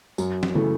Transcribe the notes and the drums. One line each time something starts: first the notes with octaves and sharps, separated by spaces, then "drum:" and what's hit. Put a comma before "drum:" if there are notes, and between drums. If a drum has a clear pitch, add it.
F#2, drum: tambourine
drum: snare
C#3 E3 A3